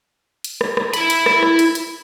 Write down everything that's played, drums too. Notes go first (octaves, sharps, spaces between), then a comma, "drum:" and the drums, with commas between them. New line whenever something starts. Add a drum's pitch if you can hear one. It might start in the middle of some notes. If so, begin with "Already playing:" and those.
drum: hi-hat
drum: rim click
drum: rim click
E4 B5, drum: hi-hat
drum: hi-hat
drum: rim click
drum: rim click
drum: hi-hat
drum: hi-hat